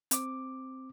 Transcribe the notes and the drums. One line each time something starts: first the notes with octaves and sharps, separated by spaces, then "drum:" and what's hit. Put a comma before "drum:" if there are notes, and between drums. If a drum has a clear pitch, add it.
C4 D6, drum: hi-hat